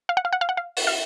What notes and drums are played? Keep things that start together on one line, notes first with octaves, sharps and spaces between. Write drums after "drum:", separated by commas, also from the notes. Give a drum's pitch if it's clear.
F5
F#5
F5
F#5
F5
F#5
F5
drum: open hi-hat
F5